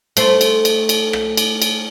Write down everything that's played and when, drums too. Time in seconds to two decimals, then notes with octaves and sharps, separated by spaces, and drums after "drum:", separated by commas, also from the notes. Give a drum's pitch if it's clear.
0.17 A3 C5, drum: cymbal
0.41 drum: cymbal
0.65 drum: cymbal
0.89 drum: cymbal
1.13 drum: rim click
1.37 drum: cymbal
1.62 drum: cymbal